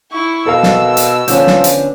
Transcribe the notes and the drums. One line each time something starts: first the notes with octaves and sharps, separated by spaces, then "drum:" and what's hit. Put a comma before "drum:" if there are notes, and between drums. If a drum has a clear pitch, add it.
E4 C#6
B2 A4 A#4 F5 E6
drum: snare
drum: hi-hat
D3 F3 B3 C#4 G6, drum: hi-hat
drum: snare
drum: hi-hat